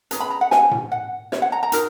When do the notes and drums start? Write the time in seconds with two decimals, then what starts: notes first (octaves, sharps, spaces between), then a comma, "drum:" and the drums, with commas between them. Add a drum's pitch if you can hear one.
0.11 C#4 G#4 B4 A#5, drum: hi-hat
0.20 B5
0.30 A#5
0.41 F#5
0.51 G#5, drum: snare
0.71 drum: tom A2
0.92 F#5
1.32 C#5, drum: snare
1.42 F#5
1.52 A#5
1.63 A#5
1.72 D#4 F#4 A#4, drum: hi-hat